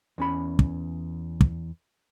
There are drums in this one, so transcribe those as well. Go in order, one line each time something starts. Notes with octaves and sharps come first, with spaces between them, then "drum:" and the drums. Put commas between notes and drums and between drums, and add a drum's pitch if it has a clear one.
E2 C#4 B5
drum: kick
drum: kick